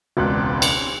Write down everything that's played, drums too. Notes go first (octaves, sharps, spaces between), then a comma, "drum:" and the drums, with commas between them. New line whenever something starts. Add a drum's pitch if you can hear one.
E1 C#2 B3 C4 D5 F#6
drum: cymbal
C4 C#4